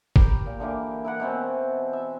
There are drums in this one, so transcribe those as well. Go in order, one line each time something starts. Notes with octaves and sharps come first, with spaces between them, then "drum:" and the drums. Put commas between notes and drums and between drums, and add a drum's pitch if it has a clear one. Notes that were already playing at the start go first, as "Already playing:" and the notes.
G4 A#4 B5, drum: kick G1
A#2
D3 E3 A#3 G4
E4 A#4 F#5
B2 E3 C4 C#4
E5